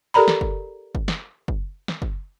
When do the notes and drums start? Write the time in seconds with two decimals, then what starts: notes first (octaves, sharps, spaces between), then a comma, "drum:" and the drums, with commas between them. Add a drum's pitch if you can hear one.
0.14 G4 A4 A#4 D5 A#5 B5
0.28 drum: snare
0.41 drum: kick
0.95 drum: kick
1.08 drum: snare
1.48 drum: kick
1.88 drum: snare
2.02 drum: kick